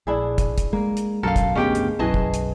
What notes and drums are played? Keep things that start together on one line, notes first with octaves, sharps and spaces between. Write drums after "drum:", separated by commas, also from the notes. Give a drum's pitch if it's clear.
A#1 D4 E4 G#4
drum: kick, hi-hat
drum: kick, hi-hat
G#3 A#3
drum: hi-hat
B1 F#2 A4 A#4 F5
drum: kick, hi-hat
G#1 D2 G#3 B3 C#4 G4 G5
drum: hi-hat
B1 F#2 E3 F#4 G#4 D#5 A5
drum: kick
drum: hi-hat